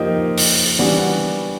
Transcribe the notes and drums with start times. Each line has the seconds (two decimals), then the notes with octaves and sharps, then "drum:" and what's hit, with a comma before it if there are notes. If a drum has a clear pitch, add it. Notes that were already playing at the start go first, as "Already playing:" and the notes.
Already playing: F3 A#3 D#4 G4
0.38 drum: open hi-hat
0.79 E3 G3 B3 D4 F#4